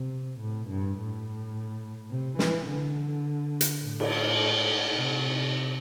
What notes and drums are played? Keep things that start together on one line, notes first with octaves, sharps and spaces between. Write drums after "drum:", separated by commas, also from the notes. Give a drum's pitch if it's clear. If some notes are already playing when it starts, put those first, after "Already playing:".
Already playing: C3
A2
G2
A2
C3
E3, drum: snare
D3
drum: hi-hat
A2
drum: cymbal
C3